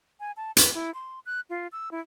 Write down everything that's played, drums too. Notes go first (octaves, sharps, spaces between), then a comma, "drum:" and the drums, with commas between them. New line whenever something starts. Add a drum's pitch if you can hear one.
G#5
A5
B4, drum: hi-hat
E4
C6
F#6
F4
E6
E4